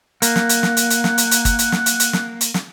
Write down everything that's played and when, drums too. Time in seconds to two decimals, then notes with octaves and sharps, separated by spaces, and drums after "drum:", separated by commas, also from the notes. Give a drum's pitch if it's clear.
0.22 A#3 F#5, drum: hi-hat
0.36 drum: snare
0.49 drum: hi-hat
0.63 drum: snare
0.77 drum: hi-hat
0.90 drum: hi-hat
1.04 drum: snare
1.18 drum: hi-hat
1.31 drum: hi-hat
1.45 drum: kick, hi-hat
1.59 drum: hi-hat
1.72 drum: snare
1.86 drum: hi-hat
2.00 drum: hi-hat
2.13 drum: snare
2.41 drum: hi-hat
2.54 drum: snare